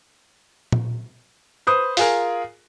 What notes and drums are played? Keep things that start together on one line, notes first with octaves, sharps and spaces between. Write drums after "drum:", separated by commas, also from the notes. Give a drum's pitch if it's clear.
drum: tom A#2
B4 C5 D#6
F4 G#4 A#4, drum: open hi-hat